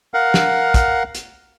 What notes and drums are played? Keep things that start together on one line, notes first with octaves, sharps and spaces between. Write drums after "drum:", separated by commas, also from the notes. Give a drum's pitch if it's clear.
A#4 F5 F#5
drum: snare
drum: kick, hi-hat
drum: hi-hat